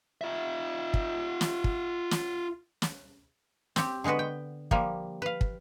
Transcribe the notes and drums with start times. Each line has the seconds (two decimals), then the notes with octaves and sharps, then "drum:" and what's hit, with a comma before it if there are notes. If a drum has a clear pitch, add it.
0.21 F4 E5
0.94 drum: kick
1.41 drum: snare
1.64 drum: kick
2.11 drum: snare
2.82 drum: snare
3.76 C4 G4, drum: snare
4.04 D3 G#3 B3 F#4 B4
4.19 G5
4.71 F3 G3 A#3, drum: kick
5.22 B4 F5
5.41 drum: kick